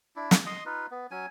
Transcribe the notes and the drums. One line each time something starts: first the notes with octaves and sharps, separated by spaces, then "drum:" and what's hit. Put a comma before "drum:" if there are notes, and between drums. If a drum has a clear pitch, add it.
D4 E4
drum: snare
D#5 C6 D#6
D#4 F4 B4
B3
F#3 C#4 G#5